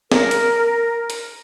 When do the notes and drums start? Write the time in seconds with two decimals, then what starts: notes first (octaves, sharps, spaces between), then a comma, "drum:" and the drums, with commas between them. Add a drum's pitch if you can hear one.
0.12 A#4, drum: snare
0.31 drum: hi-hat
1.10 drum: hi-hat